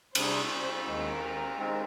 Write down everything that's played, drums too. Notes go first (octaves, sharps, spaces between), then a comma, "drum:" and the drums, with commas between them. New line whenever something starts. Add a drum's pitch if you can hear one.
C3 G3 D4 G#4 C5, drum: cymbal
D#2 D#3 G#3 A#4
D#3 G#3 C4